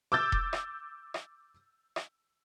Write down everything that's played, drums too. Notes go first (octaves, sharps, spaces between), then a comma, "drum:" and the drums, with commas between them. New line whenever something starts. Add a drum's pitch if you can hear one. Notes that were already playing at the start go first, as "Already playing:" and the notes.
D6 E6 G6 A6
drum: kick E1
drum: rim click
drum: rim click
drum: rim click